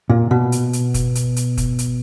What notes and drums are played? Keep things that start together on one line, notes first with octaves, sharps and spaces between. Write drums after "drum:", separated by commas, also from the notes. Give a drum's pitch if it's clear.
A#2
B2
drum: hi-hat
drum: hi-hat
drum: kick, hi-hat
drum: hi-hat
drum: hi-hat
drum: kick, hi-hat
drum: hi-hat